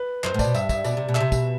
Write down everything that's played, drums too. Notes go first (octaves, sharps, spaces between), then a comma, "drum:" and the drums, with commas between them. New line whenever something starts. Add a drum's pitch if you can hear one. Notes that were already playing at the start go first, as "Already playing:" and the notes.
Already playing: B4
F#2 C5, drum: clap
A2
D5, drum: kick, tambourine
B2
G2 E5, drum: tambourine
G2 E5, drum: kick, tambourine
B2 D5, drum: tambourine
C3
B2
E5, drum: clap
C3
B2, drum: kick, tambourine